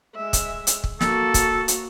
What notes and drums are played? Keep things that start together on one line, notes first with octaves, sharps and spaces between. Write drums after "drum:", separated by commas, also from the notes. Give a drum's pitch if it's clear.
G#3 E5
drum: kick, hi-hat
drum: hi-hat
drum: kick
A#3 F#4 A4, drum: snare
drum: kick, hi-hat
drum: hi-hat